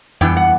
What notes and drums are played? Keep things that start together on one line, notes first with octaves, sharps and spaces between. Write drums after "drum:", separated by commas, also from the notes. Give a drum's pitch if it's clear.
G2 E3 B3 G5, drum: tom F2
F#5